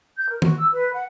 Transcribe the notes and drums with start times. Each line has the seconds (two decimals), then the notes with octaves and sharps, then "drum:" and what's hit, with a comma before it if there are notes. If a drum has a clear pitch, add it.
0.18 G6
0.29 A#4
0.42 F#4, drum: tom D#3
0.58 E6
0.72 B4
0.94 F#5